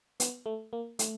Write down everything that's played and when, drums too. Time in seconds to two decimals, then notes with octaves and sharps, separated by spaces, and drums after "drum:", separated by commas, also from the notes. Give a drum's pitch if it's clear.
0.20 B3, drum: hi-hat
0.46 A3
0.73 A#3
0.99 A3, drum: hi-hat